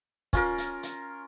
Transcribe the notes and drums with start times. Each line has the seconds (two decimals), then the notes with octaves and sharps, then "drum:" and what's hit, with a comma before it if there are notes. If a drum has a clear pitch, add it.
0.33 C#4 F4 A#4, drum: kick, hi-hat
0.58 drum: hi-hat
0.83 drum: hi-hat